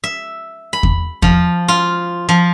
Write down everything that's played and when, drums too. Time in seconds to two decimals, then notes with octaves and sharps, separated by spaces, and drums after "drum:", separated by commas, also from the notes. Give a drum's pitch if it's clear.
0.04 E5
0.73 B5
0.83 drum: kick E2
1.22 F3, drum: kick E2
1.68 F4
2.29 F3